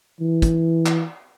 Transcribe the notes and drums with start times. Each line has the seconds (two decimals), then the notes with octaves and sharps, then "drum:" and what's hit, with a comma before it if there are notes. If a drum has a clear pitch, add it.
0.20 E3
0.42 drum: kick, hi-hat
0.86 drum: clap